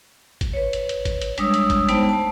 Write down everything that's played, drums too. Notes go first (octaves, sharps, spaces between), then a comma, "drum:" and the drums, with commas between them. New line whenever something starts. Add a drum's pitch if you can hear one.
drum: kick G1, hi-hat
B4 C#5
drum: hi-hat
drum: hi-hat
drum: kick G1, hi-hat
drum: hi-hat
G3 G#3 D4 C#5 D#6 E6, drum: hi-hat
drum: hi-hat
drum: kick G1, hi-hat
G#3 B3 D#4 C5 G5 A5, drum: hi-hat
A3 A5